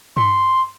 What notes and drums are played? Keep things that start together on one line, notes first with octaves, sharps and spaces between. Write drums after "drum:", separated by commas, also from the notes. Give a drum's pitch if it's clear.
C6, drum: tom G2